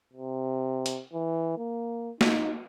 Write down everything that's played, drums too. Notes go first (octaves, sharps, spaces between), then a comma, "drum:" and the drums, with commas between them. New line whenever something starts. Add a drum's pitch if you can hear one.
C3
drum: hi-hat
E3
A#3
D#4, drum: snare